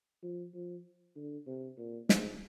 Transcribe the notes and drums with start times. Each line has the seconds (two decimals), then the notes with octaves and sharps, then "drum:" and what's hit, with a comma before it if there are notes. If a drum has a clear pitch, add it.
0.23 F3
0.54 F3
1.16 D3
1.47 C3
1.78 A#2
2.09 G#2, drum: snare